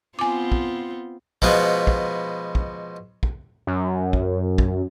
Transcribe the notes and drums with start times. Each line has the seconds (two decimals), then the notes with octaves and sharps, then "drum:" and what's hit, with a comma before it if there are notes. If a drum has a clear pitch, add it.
0.19 B3 C4 F4 G#5 D6
0.52 drum: kick
1.42 B2 F3 G#3 B3, drum: kick
1.87 drum: kick
2.55 drum: kick
3.23 drum: kick
3.67 F#2
4.13 drum: kick
4.58 drum: kick